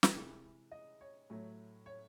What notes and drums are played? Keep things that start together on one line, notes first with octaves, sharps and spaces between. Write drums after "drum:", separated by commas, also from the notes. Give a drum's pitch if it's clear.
drum: snare
C3 E3 G#3
D#5
C#5
A2 F#3 A3
C#5